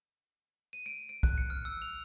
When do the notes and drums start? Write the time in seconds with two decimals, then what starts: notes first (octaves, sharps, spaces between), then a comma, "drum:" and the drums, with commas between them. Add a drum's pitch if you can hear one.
0.73 D#7
0.86 D7
1.09 D7
1.23 F#6, drum: kick
1.38 C#7
1.50 F6
1.65 E6
1.82 F7